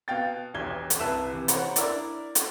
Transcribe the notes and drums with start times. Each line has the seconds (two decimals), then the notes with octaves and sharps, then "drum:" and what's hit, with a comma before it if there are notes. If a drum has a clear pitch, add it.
0.08 B2 F5 G5 A6
0.54 E1 B1 G4 G#6 G7
0.90 drum: hi-hat
0.99 C2 E4 B4 E5 A5 E7
1.30 C3 E3
1.48 C5 C#5 F#5 A#5 B5, drum: hi-hat
1.76 D4 E4 A#4 D5, drum: hi-hat
2.35 drum: hi-hat